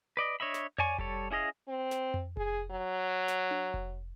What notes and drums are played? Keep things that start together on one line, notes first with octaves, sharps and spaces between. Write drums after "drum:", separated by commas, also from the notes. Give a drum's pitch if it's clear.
B4 D5 D#5
D4 C#5 D#5 E5 B5
drum: snare
C#5 D5 G#5 C#6, drum: tom F2
G3 A4 C#5, drum: kick F1
C#4 E4 G#4 D#5 F5
C4
drum: snare
drum: tom F2
G#4, drum: kick F1
F#3
drum: snare
drum: tom D4
drum: kick F1